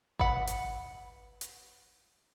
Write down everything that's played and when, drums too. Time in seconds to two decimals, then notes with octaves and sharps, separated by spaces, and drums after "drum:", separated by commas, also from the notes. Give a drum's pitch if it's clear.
0.19 B4 F#5, drum: kick G#1
0.47 drum: hi-hat
1.41 drum: hi-hat